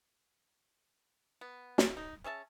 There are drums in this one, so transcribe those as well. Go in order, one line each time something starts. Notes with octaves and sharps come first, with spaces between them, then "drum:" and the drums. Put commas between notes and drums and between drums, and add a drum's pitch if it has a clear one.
B3
drum: snare
D#4
C#4 G#4 E5 A5